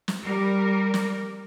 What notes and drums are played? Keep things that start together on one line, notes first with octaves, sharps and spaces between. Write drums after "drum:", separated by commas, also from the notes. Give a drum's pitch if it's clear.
drum: snare
G3 A#4
drum: snare